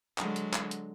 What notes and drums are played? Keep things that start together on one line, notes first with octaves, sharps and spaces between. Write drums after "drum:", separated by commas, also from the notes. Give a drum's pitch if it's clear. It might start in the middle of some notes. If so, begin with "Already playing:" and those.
D3 F#3 G#3, drum: clap
drum: hi-hat
drum: clap
drum: hi-hat